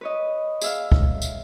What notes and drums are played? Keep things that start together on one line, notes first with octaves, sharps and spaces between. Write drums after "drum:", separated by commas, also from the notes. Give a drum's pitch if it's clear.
B4 C#5 D#5
G#4 E5 F5, drum: tambourine
drum: kick
drum: tambourine